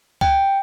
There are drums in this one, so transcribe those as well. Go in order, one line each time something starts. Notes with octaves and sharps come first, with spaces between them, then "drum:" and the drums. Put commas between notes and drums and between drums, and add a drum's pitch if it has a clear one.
G5, drum: kick C#2